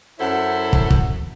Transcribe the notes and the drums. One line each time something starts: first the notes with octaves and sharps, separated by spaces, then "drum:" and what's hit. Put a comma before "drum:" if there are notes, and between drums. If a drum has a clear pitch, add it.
F#2 E4 A4 C5 C#5 F#5
drum: kick
drum: kick